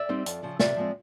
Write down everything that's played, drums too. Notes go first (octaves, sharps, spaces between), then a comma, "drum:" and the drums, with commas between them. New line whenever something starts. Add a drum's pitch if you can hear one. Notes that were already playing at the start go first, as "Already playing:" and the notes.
Already playing: D5 E5
G3 C4 D#4
F2, drum: hi-hat
C#3 F3
C3 D5 E5, drum: snare
F3 G#3 C4